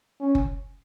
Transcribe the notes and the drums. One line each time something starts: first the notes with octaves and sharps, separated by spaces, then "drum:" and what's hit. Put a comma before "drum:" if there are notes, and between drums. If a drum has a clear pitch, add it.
C#4
drum: kick F#1